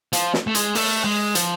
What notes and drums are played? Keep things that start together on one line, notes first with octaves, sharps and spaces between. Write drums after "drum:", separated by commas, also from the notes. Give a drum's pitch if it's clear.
F3, drum: hi-hat
drum: snare
A3
G#3, drum: hi-hat
A3, drum: open hi-hat
G#3
F3, drum: hi-hat